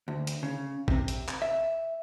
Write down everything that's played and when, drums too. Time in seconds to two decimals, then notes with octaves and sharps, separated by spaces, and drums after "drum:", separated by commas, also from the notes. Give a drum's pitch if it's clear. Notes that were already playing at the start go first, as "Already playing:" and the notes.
0.08 D2
0.27 drum: hi-hat
0.43 C#3
0.88 C3, drum: kick
1.08 drum: hi-hat
1.28 drum: clap
1.42 E5